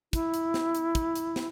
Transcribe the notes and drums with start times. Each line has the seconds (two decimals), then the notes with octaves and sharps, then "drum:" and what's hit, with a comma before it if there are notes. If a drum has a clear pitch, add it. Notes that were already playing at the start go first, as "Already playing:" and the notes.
0.13 E4, drum: kick, hi-hat
0.34 drum: hi-hat
0.54 drum: snare
0.75 drum: hi-hat
0.95 drum: kick, hi-hat
1.16 drum: hi-hat
1.36 drum: snare